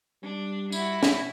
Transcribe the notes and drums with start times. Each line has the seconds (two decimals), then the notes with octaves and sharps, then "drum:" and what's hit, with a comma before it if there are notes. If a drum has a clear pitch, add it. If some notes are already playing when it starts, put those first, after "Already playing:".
0.23 G3 D4
0.72 E4 F#4, drum: tambourine
1.03 drum: snare